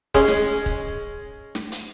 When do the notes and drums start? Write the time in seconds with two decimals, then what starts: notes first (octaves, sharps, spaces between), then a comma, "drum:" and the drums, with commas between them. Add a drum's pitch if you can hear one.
0.14 G#3 C#4 G#4, drum: kick
0.28 drum: snare
0.66 drum: kick
1.55 drum: snare
1.72 drum: hi-hat